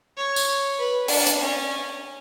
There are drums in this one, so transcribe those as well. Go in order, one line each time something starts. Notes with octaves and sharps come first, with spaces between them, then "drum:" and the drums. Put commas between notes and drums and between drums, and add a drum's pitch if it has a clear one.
C#5
drum: tambourine
B4
D4, drum: open hi-hat
drum: hi-hat
C#4